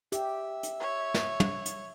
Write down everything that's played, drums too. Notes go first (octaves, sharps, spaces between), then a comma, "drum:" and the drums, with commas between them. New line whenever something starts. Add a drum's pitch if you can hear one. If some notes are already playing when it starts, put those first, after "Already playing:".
G4 E5, drum: hi-hat
drum: hi-hat
C#5
drum: snare
drum: tom
drum: hi-hat